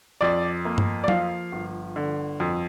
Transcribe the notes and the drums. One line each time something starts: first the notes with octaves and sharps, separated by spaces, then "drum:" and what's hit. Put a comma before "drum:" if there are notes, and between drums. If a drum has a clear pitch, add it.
F2 D5
A#3
drum: tom G2
D5
F3 F5, drum: tom
G1
D3
F2